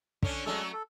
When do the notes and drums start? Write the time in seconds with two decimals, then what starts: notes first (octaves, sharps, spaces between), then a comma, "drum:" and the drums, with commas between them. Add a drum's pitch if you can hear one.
0.23 D3 C#4 D4, drum: kick
0.45 F#3 G#3 A3 C#4 A4
0.73 A4